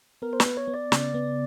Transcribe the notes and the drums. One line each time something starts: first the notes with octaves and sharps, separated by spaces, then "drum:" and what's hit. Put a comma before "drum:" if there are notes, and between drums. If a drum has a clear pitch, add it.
B3 A#4
C5
B4, drum: snare
B3
C#5
B3
D5
C#3, drum: snare
B3